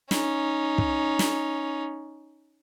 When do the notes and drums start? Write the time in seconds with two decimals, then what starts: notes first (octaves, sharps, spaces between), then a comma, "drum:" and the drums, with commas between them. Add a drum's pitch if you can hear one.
0.11 C#4 D#4, drum: snare
0.78 drum: kick
1.19 drum: snare